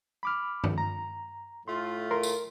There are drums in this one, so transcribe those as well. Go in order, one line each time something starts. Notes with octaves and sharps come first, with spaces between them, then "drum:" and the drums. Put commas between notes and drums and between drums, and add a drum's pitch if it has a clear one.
B5 D6 F6
drum: tom
A#5
A2 A3 F4 C6
A#4 C6
drum: tambourine